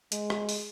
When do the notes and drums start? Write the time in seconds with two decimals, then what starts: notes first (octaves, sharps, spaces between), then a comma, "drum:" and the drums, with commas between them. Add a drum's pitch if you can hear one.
0.12 G#3, drum: hi-hat
0.30 drum: rim click
0.49 drum: open hi-hat